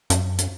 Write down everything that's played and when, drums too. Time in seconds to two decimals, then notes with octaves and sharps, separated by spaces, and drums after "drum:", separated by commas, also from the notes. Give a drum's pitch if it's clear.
0.10 F#2, drum: hi-hat
0.38 drum: hi-hat